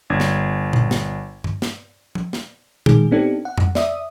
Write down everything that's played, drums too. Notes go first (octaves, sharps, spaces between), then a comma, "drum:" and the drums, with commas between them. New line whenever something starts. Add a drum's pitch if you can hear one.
G1 D4 G#6
drum: snare
drum: tom A#2
drum: snare
drum: tom G2
drum: snare
drum: tom F3
drum: snare
D#3 G#3 G#4, drum: tom A#2
B3 C4 D4 D#4 G4 A4
F#5
drum: tom F2
D5 E5 D#6, drum: snare